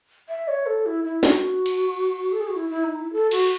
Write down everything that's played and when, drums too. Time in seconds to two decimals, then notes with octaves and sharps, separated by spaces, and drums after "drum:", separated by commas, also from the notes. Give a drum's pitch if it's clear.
0.29 E5
0.48 C#5
0.66 A4
0.86 E4
1.05 E4
1.23 F#4, drum: snare
1.66 drum: cymbal
2.32 A4
2.40 G#4
2.48 F#4
2.55 E4
2.70 E4
2.84 D#4
2.99 E4
3.13 A4
3.31 F#4, drum: cymbal